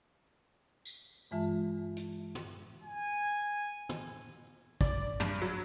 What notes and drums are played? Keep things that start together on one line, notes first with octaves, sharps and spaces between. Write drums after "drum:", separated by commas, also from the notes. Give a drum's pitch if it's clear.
drum: tambourine
G2 E3 G#3 F4 E5 A5
drum: hi-hat
drum: tom
G#5
drum: tom
D5, drum: kick
G2, drum: tom
F#3